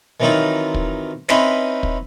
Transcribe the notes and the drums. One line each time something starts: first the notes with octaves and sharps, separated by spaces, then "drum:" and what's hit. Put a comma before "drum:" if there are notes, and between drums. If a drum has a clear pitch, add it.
D#3 E3 F#3 C4 D#4 F4
drum: kick
C4 C#4 D#4 E4 B4 C5, drum: snare
drum: kick